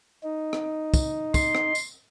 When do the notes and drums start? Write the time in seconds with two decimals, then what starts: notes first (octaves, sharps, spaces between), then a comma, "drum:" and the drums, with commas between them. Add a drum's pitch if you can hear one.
0.23 D#4
0.53 drum: rim click
0.94 drum: kick, tambourine
1.34 C6, drum: kick, tambourine
1.55 drum: rim click
1.75 drum: tambourine